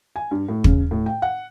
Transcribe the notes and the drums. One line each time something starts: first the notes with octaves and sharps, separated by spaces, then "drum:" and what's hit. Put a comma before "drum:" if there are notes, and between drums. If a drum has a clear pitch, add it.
G#5
G2
A2
C#3, drum: kick
A2
G5
F#5